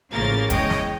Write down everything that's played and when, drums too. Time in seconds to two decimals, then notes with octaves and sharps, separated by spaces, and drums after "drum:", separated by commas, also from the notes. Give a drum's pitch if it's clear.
0.11 A1 C#3 F3 A#3 A#4 A6
0.50 E2 G#3 C#5 D#5 G5, drum: kick, hi-hat
0.70 drum: snare